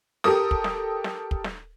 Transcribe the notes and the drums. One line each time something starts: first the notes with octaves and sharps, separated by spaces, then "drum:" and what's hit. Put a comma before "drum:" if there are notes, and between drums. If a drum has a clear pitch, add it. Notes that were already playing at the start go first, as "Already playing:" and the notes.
G4 A4 A#4 D#6, drum: snare
drum: kick
drum: snare
drum: snare
drum: kick
drum: snare